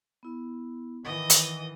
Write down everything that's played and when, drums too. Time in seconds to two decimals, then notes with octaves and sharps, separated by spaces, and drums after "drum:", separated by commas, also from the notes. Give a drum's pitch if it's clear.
0.23 B3 E4
1.05 D#3 E3 D#5 F#5
1.30 drum: hi-hat